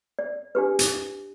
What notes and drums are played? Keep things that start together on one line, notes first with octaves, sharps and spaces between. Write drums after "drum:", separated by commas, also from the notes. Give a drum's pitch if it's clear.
D5
D4 G4 B4
drum: hi-hat